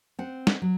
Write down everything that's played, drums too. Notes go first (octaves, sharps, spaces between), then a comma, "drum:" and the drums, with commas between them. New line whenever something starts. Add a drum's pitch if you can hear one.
C4 F#5
drum: snare
F#3